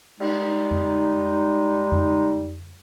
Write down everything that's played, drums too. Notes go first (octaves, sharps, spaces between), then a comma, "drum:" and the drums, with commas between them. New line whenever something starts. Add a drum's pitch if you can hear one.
G3 G#3 D#4, drum: cymbal
drum: tom F2
drum: tom F2